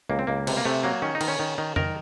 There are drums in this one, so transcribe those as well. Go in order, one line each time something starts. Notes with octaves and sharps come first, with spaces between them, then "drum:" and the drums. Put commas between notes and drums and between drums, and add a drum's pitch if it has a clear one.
C#2 A#3
C4
C#2 A#3
C3, drum: cymbal
A#3
C3 A3
F#3 A#3
D#3 C#4
D#4
D#3, drum: cymbal
C#4
D#3
D#3
D#3 A#4, drum: tom F2